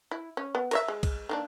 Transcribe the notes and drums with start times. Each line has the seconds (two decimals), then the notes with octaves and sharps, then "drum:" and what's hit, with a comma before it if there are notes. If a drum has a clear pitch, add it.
0.11 E4
0.37 C#4
0.55 B3
0.71 A#4 C#5 E5, drum: cymbal
0.88 G#3
1.03 drum: kick, cymbal
1.29 D#3 A#3 D4